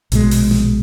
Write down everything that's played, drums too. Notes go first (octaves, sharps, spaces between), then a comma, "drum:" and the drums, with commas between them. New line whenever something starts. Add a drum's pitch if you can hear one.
A#1 B2 G#3, drum: hi-hat
drum: open hi-hat
drum: snare